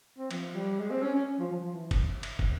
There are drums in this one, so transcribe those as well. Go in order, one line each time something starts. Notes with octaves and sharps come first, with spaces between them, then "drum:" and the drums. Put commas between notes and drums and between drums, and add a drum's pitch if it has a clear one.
C4
F3, drum: cymbal
G3
G#3
C4
C#4
C#4
F3
F3
F3
E3
drum: kick, cymbal
drum: cymbal
drum: kick